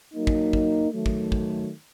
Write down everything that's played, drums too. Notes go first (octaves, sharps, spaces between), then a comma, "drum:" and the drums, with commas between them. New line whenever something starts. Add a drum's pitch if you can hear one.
F#3 A#3 D#4
drum: kick
drum: kick
D#3 F#3 A3
drum: kick
drum: kick